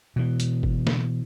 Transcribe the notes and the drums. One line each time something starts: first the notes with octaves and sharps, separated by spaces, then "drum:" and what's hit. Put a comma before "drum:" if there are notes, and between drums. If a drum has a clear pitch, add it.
B2 E3
drum: hi-hat
drum: kick F#1
drum: snare